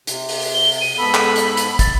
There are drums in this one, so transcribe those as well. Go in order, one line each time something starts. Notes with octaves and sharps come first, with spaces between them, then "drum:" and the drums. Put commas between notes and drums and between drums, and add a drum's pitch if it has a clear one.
C3, drum: hi-hat
drum: open hi-hat
G7
drum: open hi-hat
D#7
G#2 B3 A4 B5
drum: clap
drum: hi-hat
drum: hi-hat
A6, drum: kick, hi-hat